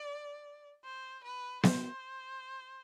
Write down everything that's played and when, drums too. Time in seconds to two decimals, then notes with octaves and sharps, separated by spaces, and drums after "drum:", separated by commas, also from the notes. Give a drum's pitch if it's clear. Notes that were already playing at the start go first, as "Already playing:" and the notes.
Already playing: D5
0.84 C5
1.24 B4
1.63 C5, drum: snare B3